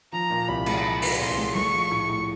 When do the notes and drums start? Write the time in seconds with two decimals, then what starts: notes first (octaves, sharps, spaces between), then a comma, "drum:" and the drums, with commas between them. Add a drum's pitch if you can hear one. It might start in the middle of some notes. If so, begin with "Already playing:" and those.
0.13 F3 A#5
0.30 A#2
0.48 C2 B5
0.66 G#3, drum: cymbal
0.84 F3
1.02 A#2, drum: open hi-hat
1.19 C2 C6
1.37 G#3
1.55 A3 C#6, drum: tom G3
1.73 F3
1.91 A2
2.09 A2